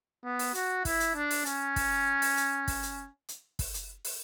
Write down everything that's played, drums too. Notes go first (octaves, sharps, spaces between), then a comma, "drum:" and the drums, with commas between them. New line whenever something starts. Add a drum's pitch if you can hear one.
B3
drum: open hi-hat
F#4, drum: hi-hat
E4, drum: kick, open hi-hat
drum: hi-hat
D4
drum: open hi-hat
C#4, drum: hi-hat
drum: kick, open hi-hat
drum: open hi-hat
drum: hi-hat
drum: kick, open hi-hat
drum: hi-hat
drum: hi-hat
drum: kick, open hi-hat
drum: hi-hat
drum: open hi-hat